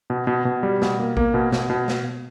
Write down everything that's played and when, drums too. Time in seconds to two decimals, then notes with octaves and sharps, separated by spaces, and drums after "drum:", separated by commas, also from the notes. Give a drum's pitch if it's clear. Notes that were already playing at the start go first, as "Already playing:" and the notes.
0.10 B2
0.27 B2
0.45 B2
0.63 G3
0.82 B2, drum: snare
0.99 A#3
1.17 A#3, drum: kick A1
1.34 B2
1.52 B2, drum: snare
1.70 B2
1.88 drum: snare